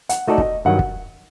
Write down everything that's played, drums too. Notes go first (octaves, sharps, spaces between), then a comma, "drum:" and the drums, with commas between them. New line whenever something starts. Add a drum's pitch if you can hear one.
F#5, drum: hi-hat
A3 D#4 F#4 A4 D5 D#5
drum: kick
G2 D#3 F#3 F#5
drum: kick